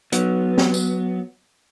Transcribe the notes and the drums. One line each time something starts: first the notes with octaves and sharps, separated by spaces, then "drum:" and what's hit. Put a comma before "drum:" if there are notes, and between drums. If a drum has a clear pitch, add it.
F#3 B3, drum: hi-hat
drum: snare
drum: tambourine